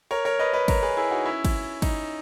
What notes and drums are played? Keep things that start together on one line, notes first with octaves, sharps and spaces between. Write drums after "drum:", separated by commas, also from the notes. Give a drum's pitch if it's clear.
A#4 C#5
A#4 C#5
B4 D#5
B4 D#5
A#4 C#5, drum: kick, cymbal
G#4 B4
E4 G#4
D#4 F#4
C#4 E4
drum: kick, cymbal
D#4, drum: kick, cymbal